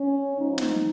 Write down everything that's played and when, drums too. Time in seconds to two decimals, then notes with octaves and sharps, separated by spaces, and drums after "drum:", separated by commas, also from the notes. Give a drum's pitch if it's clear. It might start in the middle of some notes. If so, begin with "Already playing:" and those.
Already playing: C#4
0.38 G#2 F3 D#4
0.58 drum: snare